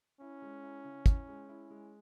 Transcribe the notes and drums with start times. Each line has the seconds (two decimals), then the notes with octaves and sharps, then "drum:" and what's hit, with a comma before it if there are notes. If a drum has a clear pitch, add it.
0.20 C#4 E4
0.42 G#3
0.63 E4
0.84 C#3
1.06 E4, drum: kick, hi-hat
1.28 G#3
1.49 E4
1.70 G#3